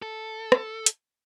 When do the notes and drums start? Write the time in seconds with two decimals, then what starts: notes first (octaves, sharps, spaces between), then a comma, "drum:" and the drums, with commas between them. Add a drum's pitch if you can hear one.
0.02 A4
0.52 drum: rim click
0.86 drum: hi-hat